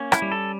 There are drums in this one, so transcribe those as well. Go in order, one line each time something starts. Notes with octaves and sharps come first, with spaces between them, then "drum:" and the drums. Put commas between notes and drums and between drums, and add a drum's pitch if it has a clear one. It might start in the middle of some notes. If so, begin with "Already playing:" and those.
Already playing: A#3 C#4
E4, drum: rim click
G3
A4